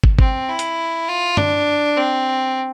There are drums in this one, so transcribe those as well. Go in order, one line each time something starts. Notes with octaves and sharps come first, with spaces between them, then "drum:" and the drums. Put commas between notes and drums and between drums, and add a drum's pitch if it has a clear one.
drum: kick
C4, drum: kick
E4
drum: hi-hat
F4
D4, drum: tom G2
C4